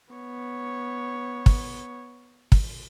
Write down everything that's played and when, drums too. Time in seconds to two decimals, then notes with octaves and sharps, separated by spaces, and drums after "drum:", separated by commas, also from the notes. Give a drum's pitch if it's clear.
0.14 B3 C#5
1.46 drum: kick
2.52 drum: kick